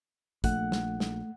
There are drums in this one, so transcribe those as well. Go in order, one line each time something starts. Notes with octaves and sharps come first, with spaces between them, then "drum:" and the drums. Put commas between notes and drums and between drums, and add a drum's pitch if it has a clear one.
A#1 A3 F#5, drum: kick, hi-hat
drum: snare
drum: snare